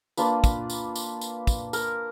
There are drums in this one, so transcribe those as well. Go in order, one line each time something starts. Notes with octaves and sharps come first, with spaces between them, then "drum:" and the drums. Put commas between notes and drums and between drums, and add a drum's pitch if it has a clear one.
A#3 D4 F4 B4, drum: tambourine
drum: kick, tambourine
drum: tambourine
drum: tambourine
drum: tambourine
drum: kick, tambourine
A#4, drum: tambourine